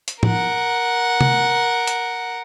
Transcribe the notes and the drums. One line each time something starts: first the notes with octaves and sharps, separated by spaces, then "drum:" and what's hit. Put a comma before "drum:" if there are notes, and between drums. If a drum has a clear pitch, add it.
drum: hi-hat
A#4 F#5, drum: tom
drum: tom
drum: hi-hat